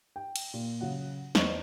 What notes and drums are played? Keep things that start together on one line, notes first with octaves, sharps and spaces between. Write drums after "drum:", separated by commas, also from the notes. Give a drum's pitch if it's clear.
G5
drum: cymbal
A#2
C#3 F#3 F#5
E2 C5 D#5 C#6 D7, drum: snare